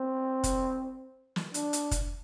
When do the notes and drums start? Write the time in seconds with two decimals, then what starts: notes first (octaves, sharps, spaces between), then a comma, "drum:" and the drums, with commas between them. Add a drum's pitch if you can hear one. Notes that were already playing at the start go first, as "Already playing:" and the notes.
Already playing: C4
0.44 drum: kick, hi-hat
1.36 drum: snare
1.54 D4, drum: hi-hat
1.73 drum: hi-hat
1.91 drum: kick, hi-hat